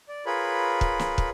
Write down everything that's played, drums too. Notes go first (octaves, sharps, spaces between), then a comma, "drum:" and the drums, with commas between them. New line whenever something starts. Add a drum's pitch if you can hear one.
D5
F4 G#4 A#4 B4 C#5 B5
drum: kick
drum: snare
drum: kick